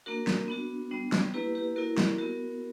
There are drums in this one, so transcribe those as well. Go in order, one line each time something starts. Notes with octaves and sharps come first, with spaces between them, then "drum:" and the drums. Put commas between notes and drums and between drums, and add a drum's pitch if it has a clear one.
A#3 D4 F#4 A#4
drum: snare
B3 D4 F#4
G3 B3 D4
drum: snare
A#3 E4 G4 B4
G4 B4
A#3 E4 F#4 A#4
G4, drum: snare
B3 F#4 A#4